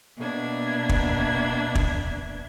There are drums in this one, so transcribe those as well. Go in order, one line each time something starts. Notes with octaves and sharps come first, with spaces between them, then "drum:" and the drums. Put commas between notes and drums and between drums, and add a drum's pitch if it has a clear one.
B2 A#3 D4 E5 G#6
drum: kick
drum: kick